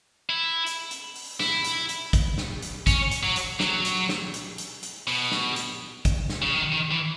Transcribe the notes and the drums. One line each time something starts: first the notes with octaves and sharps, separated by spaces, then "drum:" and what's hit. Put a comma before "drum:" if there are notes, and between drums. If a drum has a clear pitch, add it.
E4
drum: hi-hat
drum: hi-hat
drum: open hi-hat
E4, drum: snare
drum: hi-hat
drum: hi-hat
drum: kick, hi-hat
drum: snare
drum: hi-hat
C#4, drum: kick, hi-hat
drum: hi-hat
F#3
drum: hi-hat
F#3, drum: snare
drum: hi-hat
drum: snare
drum: hi-hat
drum: hi-hat
drum: hi-hat
B2, drum: open hi-hat
drum: snare
drum: hi-hat
drum: kick, hi-hat
drum: snare
C#3
D#3
D#3
E3